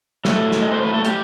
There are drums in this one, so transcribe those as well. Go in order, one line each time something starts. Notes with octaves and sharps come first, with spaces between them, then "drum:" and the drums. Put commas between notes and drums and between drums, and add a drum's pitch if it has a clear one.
A2 F#3 A3 A4, drum: snare
drum: snare
D#5
C5
B4
A4
G4, drum: hi-hat